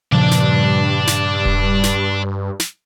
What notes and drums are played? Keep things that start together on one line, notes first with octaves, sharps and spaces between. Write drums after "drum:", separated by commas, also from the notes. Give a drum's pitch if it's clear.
G2 A#2 C#3 F3 D5 A5
drum: snare
drum: snare
drum: kick D#1
drum: snare
drum: snare